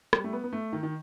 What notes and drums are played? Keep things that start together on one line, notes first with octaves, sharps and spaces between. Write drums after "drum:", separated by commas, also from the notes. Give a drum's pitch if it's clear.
G3, drum: rim click
A3
B3
B3
A3
D#3
D#3